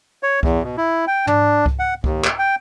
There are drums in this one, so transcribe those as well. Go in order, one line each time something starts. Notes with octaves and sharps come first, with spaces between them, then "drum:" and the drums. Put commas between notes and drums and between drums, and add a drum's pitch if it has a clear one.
C#5
E2, drum: kick C2
B2
E4
G5
D4, drum: tom
drum: kick C2
F#5
D#2, drum: kick C2
drum: clap
G5